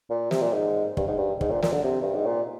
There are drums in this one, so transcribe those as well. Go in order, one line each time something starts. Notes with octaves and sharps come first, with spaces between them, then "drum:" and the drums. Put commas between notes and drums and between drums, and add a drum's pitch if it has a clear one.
A#2
C3, drum: snare
A#2
G#2
G2, drum: kick
G#2
G2
G#2, drum: kick
A#2
A#2, drum: snare
D3
C3
G2
G#2
A#2